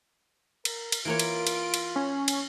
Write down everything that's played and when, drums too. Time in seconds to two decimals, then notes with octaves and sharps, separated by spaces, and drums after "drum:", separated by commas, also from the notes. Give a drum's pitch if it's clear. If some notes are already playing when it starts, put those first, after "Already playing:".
0.65 A#4, drum: cymbal
0.92 drum: cymbal
1.05 E3 A#3 F4 C#5 D7
1.19 drum: cymbal
1.47 drum: cymbal
1.74 drum: cymbal
1.96 C#4
2.28 drum: cymbal